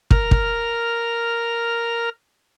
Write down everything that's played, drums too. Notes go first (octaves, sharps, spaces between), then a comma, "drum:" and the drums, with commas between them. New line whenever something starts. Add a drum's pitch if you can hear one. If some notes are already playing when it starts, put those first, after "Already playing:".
A#4 F6, drum: kick
drum: kick